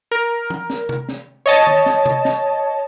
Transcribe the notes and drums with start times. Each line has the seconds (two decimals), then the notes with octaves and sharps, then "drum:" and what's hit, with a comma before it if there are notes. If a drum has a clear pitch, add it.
0.11 A#4
0.50 drum: tom
0.70 drum: snare
0.89 drum: tom C3
1.09 drum: snare
1.46 C#5 D#5 A5
1.67 drum: tom
1.86 drum: snare
2.06 drum: tom C3
2.25 drum: snare